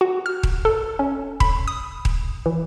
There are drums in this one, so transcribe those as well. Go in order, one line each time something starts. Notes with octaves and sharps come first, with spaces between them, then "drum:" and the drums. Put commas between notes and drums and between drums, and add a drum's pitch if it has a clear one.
F#4
F6
drum: kick D#1
A4
C#4
B5, drum: kick D#1
D#6
drum: kick D#1
E3